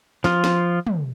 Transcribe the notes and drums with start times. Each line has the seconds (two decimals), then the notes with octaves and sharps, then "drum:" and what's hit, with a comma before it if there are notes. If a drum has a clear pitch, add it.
0.24 F3 F4, drum: snare
0.44 drum: snare
0.87 drum: tom